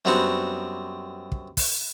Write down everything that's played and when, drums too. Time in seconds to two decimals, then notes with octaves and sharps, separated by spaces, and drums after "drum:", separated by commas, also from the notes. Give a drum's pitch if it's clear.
0.05 F#2 G3 B3 C4 D4 F#4
1.32 drum: kick
1.57 drum: kick, open hi-hat